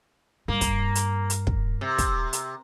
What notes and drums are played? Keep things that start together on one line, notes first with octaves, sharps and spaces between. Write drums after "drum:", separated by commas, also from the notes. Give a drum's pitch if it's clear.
G2 A#3
drum: kick, hi-hat
drum: hi-hat
drum: hi-hat
drum: kick
C3
drum: kick, hi-hat
drum: hi-hat